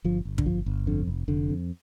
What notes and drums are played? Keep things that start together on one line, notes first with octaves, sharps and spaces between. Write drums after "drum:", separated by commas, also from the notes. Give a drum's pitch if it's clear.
G1 F3
G1
D3, drum: kick
G1 F3
G1
F2 D3
F1
F1 D3
F2